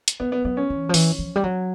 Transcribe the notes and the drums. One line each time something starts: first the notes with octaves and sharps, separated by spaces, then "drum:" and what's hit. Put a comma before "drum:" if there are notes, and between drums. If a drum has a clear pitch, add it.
drum: hi-hat
F#3 B3
B3
F#3 B3
C#4
E3
F3
E3, drum: open hi-hat
F3
G3
F#3